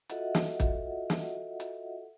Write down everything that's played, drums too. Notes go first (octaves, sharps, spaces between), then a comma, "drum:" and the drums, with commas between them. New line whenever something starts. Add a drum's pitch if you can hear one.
F4 F#4 A4 D#5 E5 F#5, drum: hi-hat
drum: snare
drum: kick, hi-hat
drum: snare
drum: hi-hat